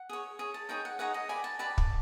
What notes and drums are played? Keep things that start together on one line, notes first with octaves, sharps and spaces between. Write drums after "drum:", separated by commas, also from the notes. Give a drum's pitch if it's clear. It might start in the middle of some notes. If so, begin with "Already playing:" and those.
Already playing: F#5
G#4 C#5
G#4 C#5
A5
D#4 G#4 C#5 G5
F#5
D#4 G#4 C#5 F#5
D#5
G4 B4 D5 G#5
A5
G4 B4 D5 A5
drum: kick